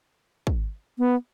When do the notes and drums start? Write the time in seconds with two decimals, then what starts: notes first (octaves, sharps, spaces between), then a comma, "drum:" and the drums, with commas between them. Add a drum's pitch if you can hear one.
0.47 drum: kick
0.98 B3